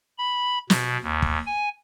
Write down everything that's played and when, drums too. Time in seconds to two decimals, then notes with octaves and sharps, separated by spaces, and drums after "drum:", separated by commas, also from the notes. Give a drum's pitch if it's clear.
0.18 B5
0.70 B2, drum: snare
1.03 D#2
1.22 drum: kick
1.46 G#5